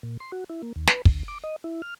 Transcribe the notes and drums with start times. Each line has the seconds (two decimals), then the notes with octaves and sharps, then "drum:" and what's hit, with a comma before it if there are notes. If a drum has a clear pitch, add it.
0.03 A#2
0.20 C6
0.32 F#4
0.50 E4
0.63 A#3
0.76 D#2
0.87 B4, drum: snare
1.05 D2, drum: kick
1.28 D6
1.44 D#5
1.64 E4
1.82 F6